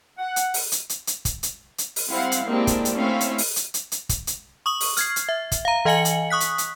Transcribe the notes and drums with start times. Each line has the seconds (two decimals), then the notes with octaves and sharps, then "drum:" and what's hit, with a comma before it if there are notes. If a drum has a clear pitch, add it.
0.18 F#5
0.36 drum: hi-hat
0.54 drum: open hi-hat
0.72 drum: hi-hat
0.89 drum: hi-hat
1.07 drum: hi-hat
1.25 drum: kick, hi-hat
1.43 drum: hi-hat
1.78 drum: hi-hat
1.96 drum: open hi-hat
2.09 G3 C4 E4 F5 F#5
2.32 drum: hi-hat
2.46 G#3 A#3 C4 D4 E4 G4
2.67 drum: kick, hi-hat
2.85 drum: hi-hat
2.95 A3 C4 C#4 E4 E5 F5
3.20 drum: hi-hat
3.38 drum: open hi-hat
3.56 drum: hi-hat
3.74 drum: hi-hat
3.92 drum: hi-hat
4.09 drum: kick, hi-hat
4.27 drum: hi-hat
4.66 C#6 D#6 F#7
4.80 drum: open hi-hat
4.97 F6 G#6 C7, drum: hi-hat
5.16 drum: hi-hat
5.29 E5
5.52 drum: kick, hi-hat
5.65 F5 A#5
5.85 E3 D#5 F5 G#5 C#7 F#7
6.05 drum: hi-hat
6.30 C#6 D#6 F#6 B6
6.40 drum: hi-hat
6.58 drum: hi-hat